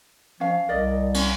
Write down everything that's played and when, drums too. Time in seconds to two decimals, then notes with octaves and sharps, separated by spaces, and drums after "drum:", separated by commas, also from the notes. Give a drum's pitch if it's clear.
0.40 F3 C#4 F5
0.68 C2 A#4 D5 D#5
1.14 C#4, drum: cymbal